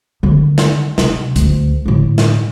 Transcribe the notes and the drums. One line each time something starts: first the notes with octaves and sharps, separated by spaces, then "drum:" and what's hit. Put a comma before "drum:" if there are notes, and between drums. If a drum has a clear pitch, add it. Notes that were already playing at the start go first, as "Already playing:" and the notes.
D3 D#3
drum: snare
C3, drum: snare
D2, drum: hi-hat
A2 D3
drum: snare